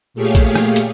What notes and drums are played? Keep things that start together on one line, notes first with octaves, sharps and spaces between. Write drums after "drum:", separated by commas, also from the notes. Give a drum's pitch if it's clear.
A#2 A3 G4 G#4 C#5 F5
drum: kick, hi-hat
drum: rim click
drum: hi-hat